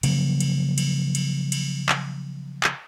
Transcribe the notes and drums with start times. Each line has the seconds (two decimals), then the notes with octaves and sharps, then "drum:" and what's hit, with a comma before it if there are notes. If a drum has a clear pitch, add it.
0.03 C#3 F3 F#3 A#3, drum: cymbal
0.40 drum: cymbal
0.78 drum: cymbal
1.15 drum: cymbal
1.52 drum: cymbal
1.89 drum: clap
2.64 drum: clap